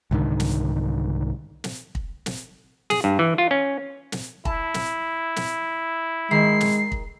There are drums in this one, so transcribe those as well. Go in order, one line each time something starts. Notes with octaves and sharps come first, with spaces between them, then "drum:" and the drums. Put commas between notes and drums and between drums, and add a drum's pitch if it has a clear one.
C2 G#2 D3 D#3
drum: snare
drum: snare
drum: kick
drum: snare
G#4, drum: snare
G2
E3
F4
C#4
drum: snare
E4 A5, drum: kick
drum: snare
drum: snare
D#3 G#3 C7
drum: snare
drum: kick